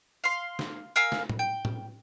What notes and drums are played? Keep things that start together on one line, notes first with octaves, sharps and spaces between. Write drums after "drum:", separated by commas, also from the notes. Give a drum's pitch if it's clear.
F5 C6
drum: snare
A#4 F5 G#5 E6
drum: snare
drum: tom
G5
drum: tom